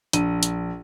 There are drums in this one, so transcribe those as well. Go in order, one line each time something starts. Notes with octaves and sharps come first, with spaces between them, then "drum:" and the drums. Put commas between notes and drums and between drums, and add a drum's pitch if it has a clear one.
A#1 D#7, drum: hi-hat
drum: hi-hat